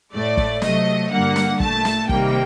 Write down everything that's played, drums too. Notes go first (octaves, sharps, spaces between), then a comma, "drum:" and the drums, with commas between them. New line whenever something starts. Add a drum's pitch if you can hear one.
A2 A3 D5
drum: kick
C3 F#3 A3 D#5, drum: snare
G2 D3 G3 A#3 F#5
drum: snare
A#2 A3 A5, drum: kick
drum: snare
C3 D#3 G3 A#3 G5, drum: kick